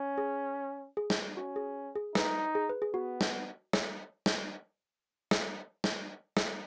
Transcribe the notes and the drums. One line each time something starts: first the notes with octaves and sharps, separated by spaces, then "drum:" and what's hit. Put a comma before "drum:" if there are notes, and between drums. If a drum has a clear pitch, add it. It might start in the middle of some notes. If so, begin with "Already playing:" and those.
Already playing: C#4
G#4
G#4
drum: snare
C#4 F#4
G#4
G#4
D#4 B4, drum: snare
G#4
B4
G#4
B3 F#4
drum: snare
C#5, drum: snare
drum: snare
drum: snare
drum: snare
drum: snare